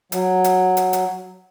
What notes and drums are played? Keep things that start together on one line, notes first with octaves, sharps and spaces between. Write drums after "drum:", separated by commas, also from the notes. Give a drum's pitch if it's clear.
F#3, drum: hi-hat
drum: hi-hat
drum: hi-hat
drum: hi-hat